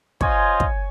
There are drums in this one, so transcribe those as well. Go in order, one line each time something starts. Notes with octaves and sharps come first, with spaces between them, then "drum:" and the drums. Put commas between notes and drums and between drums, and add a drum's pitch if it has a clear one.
F4 C5 C#5 D#5 G#5, drum: kick
drum: kick